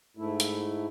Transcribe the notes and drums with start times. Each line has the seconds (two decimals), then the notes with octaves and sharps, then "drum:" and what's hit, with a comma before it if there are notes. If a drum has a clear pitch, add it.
0.17 G#2 A3 E4
0.40 drum: hi-hat